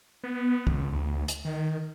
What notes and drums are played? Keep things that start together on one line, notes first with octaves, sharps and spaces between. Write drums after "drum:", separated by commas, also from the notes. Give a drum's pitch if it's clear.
B3
C#2, drum: kick
D2
drum: hi-hat
D#3